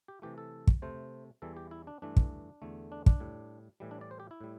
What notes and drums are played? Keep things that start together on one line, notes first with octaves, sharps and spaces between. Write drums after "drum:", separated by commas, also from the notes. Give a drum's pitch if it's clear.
G4
C3 E3 A3 G4
A4
drum: kick
C3 A3 C5
E2 E3 G3 A4
G4
E4
D4
G2 E3 A3 D4
drum: kick
E2 D3 A3
D4
D4, drum: kick
A2 G3
A2 E3 G3
D4
D5
C5
G4
E4
A2 G3